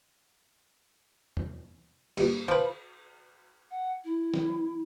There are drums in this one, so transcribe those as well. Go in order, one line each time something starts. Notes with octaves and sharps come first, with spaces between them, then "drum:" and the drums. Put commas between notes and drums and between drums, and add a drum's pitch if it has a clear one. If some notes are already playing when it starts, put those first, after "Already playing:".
drum: tom E2
G2 A#2, drum: cymbal
F3 B4 C5 G5
F#5
E4
drum: snare